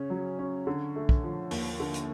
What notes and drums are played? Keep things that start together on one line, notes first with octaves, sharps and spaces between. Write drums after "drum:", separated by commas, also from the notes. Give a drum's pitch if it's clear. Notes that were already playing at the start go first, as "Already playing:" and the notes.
Already playing: C#3 C#4
F#3
C#4
D3
A3
drum: kick
F3
D#2, drum: open hi-hat
D3
drum: hi-hat